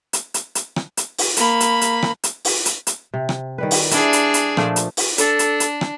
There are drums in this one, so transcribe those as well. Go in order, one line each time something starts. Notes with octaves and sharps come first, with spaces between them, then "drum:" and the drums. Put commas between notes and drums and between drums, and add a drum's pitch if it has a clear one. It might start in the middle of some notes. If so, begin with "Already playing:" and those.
drum: hi-hat
drum: hi-hat
drum: hi-hat
drum: rim click
drum: hi-hat
drum: open hi-hat
A#3 B5, drum: hi-hat
drum: hi-hat
drum: hi-hat
drum: rim click
drum: hi-hat
drum: open hi-hat
drum: hi-hat
drum: hi-hat
C3
drum: rim click
D#3 G3 B4
drum: open hi-hat
D4 E4 G#4, drum: hi-hat
drum: hi-hat
drum: hi-hat
A#2 F3 A3, drum: rim click
drum: hi-hat
drum: open hi-hat
D4 A4, drum: hi-hat
drum: hi-hat
drum: hi-hat
drum: rim click